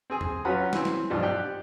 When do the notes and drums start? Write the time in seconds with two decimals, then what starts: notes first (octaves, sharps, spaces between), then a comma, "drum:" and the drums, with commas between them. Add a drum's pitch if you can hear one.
0.10 C4 G#4 G#5
0.21 drum: tom E2
0.45 F#3 C#4 F4 B4 F#5 B5
0.73 E3 C4, drum: snare
0.85 drum: snare
1.10 B1 G#2 F3 D4 G4
1.22 G4 D5 G5 F#6